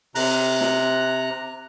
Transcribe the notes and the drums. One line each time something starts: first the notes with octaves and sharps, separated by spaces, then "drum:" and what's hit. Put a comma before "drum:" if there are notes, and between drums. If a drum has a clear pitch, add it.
C3 A#5 F#6, drum: open hi-hat
drum: snare